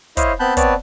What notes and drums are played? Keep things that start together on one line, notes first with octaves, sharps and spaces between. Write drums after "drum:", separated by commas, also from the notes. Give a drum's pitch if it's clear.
E4 C5 C#5 D#5 F5, drum: kick, hi-hat
B3 C4 A5 B5 F#6 G6
B3 C4 B4 C#5 D5 A5, drum: kick, hi-hat